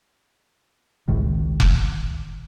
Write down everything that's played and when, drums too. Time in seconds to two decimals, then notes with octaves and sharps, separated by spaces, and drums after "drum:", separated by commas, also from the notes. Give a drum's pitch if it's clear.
1.08 G#1 C#2 A2 D#3
1.60 drum: kick F1